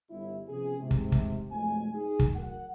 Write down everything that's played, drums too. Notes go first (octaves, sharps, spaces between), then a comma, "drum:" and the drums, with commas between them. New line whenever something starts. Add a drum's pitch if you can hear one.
G1 E4
C3 F3 B3 C#4 G#4
G#2 C3
drum: kick
drum: kick
B1 F2 G#3 A3 G#5
D#4 G#4
drum: kick
F#3 A#4 F#5